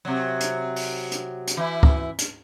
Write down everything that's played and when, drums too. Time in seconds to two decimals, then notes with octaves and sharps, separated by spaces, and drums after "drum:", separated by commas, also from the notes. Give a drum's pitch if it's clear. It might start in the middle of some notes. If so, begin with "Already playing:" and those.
0.05 C3 F#3
0.40 drum: hi-hat
0.76 drum: open hi-hat
1.12 drum: hi-hat
1.47 drum: hi-hat
1.57 E3 E4
1.83 drum: kick
2.19 drum: hi-hat